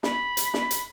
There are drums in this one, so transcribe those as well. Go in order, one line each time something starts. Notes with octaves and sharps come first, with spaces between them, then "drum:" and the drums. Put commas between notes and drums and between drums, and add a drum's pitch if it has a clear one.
B5, drum: snare
drum: hi-hat
drum: snare
drum: hi-hat